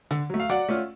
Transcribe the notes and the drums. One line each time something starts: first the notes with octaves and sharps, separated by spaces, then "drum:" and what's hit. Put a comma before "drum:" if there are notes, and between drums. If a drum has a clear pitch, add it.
D3, drum: hi-hat
F#3 A3
F5
F#3 D5 F#5, drum: hi-hat
A3 C#4 F4